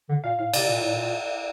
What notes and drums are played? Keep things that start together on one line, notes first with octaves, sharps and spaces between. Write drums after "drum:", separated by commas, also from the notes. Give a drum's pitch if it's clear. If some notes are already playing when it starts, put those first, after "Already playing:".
D3
A#2 F5
A2 F5
C3 D5, drum: cymbal
A#2
A2
A#2